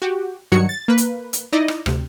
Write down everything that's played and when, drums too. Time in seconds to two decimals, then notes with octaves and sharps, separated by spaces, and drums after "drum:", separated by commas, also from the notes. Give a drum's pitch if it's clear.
0.02 F#4 G4
0.52 G2 D#3 F#3 F#4 C#5 C#7
0.69 A6
0.88 A#3 B4
0.98 drum: hi-hat
1.33 drum: hi-hat
1.53 D#4 E4 D5 D#5
1.68 drum: rim click
1.86 D2 C3, drum: rim click